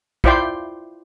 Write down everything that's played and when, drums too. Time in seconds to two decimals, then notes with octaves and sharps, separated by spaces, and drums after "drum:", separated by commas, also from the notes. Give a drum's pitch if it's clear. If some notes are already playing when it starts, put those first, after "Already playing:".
0.24 E4 F4 C5 D5 G5 C6, drum: kick